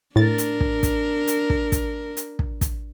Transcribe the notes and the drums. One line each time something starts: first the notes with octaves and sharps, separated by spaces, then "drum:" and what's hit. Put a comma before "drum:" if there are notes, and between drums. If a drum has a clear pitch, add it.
A2 D4 A#4 A6
drum: hi-hat
drum: kick
drum: kick, hi-hat
drum: hi-hat
drum: kick
drum: kick, hi-hat
drum: hi-hat
drum: kick
drum: kick, hi-hat